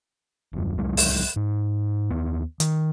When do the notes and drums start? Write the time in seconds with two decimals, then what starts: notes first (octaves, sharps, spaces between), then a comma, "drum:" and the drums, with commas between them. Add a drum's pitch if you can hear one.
0.53 D#1 F#2
0.77 D1 C2 F#3 G#3
0.97 drum: open hi-hat
1.36 G#2
2.10 D#2 B3
2.60 D#3, drum: hi-hat